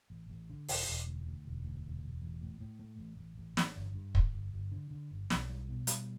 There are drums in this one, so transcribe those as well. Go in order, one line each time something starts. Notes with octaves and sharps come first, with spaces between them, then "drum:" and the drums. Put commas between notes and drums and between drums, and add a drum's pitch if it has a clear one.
A1
A1
D3
E1, drum: open hi-hat
E1
D2
D2
E1
D2
E1
E1
A1
A2
A2
A3
A1
A1
A1
A1, drum: snare
G1
G2
G1, drum: kick
G1
G1
D3
D3
G1
B1, drum: snare
G3
B2
G3, drum: hi-hat